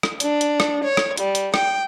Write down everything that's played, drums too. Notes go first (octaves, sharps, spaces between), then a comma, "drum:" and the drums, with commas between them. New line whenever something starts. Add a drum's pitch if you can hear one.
drum: rim click
D4, drum: hi-hat
drum: hi-hat
drum: rim click
C#5
drum: rim click
G3, drum: hi-hat
drum: hi-hat
G5, drum: rim click